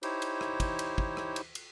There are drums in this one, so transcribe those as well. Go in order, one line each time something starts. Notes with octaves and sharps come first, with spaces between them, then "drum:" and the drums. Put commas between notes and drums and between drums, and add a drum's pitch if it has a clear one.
D#4 E4 G4 C5 C#5, drum: cymbal
drum: cymbal
drum: rim click
drum: kick, cymbal
drum: cymbal
drum: kick
drum: rim click
drum: cymbal
drum: cymbal